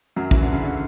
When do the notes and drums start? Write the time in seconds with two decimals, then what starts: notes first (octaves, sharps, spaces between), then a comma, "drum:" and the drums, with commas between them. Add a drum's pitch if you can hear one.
0.16 F#2 F#3
0.31 E3, drum: kick
0.42 D3
0.52 C#3
0.63 D3